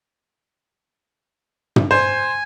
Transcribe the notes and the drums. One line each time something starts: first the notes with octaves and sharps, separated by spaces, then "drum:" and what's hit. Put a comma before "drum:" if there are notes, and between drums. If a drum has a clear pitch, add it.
drum: tom
C5 G#5